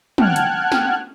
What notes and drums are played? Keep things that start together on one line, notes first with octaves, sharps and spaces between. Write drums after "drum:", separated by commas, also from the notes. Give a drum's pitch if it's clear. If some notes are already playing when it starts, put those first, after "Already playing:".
F#5 G5 A5 F6 F#6 G#6, drum: tom
drum: hi-hat
drum: snare